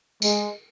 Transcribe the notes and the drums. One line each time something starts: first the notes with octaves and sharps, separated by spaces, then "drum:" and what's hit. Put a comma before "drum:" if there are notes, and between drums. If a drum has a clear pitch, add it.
G#3, drum: tambourine